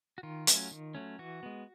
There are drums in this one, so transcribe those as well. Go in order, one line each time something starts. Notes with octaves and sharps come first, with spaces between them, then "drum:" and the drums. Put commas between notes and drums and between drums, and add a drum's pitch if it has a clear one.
F#4
D#3 F4
F#3 A3 C#4, drum: hi-hat
D#3
F#3 A3 C#4
E3 F#4
G#3 B3